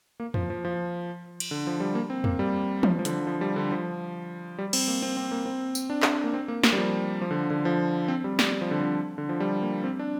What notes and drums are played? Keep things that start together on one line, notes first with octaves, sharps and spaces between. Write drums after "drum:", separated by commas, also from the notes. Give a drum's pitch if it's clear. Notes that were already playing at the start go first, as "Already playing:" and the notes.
A#3
F3, drum: tom E2
F3
F3
drum: cymbal
D3
F3
G3
A#3
C4
A#3, drum: tom E2
G3
F3, drum: tom E3
F3
D3, drum: hi-hat
F3
G3
D3
F3
G3
C4, drum: cymbal
A#3
C4
C4
A#3
C4
drum: tambourine
D4
drum: clap
A#3
C4
A#3
A#3, drum: snare
G3
F3
F3
D3
D3
F3
C4
G3
G3, drum: snare
G3
F3
D3
F3
D3
F3
G3
A#3
C4
D4